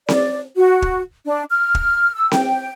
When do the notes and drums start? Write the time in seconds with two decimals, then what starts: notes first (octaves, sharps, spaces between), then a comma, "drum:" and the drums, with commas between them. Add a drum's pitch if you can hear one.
0.08 D5, drum: snare C4
0.55 F#4
0.82 drum: kick
1.26 D4
1.50 F6
1.75 drum: kick
2.15 E6
2.31 G5, drum: snare C4